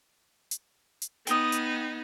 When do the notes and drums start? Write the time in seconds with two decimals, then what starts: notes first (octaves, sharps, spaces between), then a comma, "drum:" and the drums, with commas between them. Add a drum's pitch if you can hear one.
0.51 drum: hi-hat
1.02 drum: hi-hat
1.27 B3 D#4 G5 D#6, drum: hi-hat
1.52 drum: hi-hat